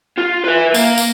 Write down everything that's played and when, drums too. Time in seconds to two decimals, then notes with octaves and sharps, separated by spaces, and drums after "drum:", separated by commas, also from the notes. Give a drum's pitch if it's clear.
0.18 F4
0.44 B4 E5
0.74 A#3, drum: tambourine
0.98 drum: tambourine